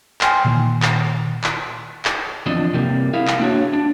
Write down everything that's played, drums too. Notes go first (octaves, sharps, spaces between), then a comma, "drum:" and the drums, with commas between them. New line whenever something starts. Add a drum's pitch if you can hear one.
G5 G#5 C6 F6, drum: clap
A#2 D#3
drum: clap
drum: clap
drum: clap
E2 F3 C4 D4 D#5
C3 G3 A#3
E4 G#4 A#4 E5 F5
drum: clap
A#3 D4 F#4 C#5
D4